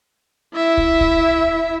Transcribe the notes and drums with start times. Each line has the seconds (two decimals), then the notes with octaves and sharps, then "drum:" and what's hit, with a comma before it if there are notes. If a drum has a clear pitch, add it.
0.54 E4 E5
0.77 drum: kick
1.01 drum: kick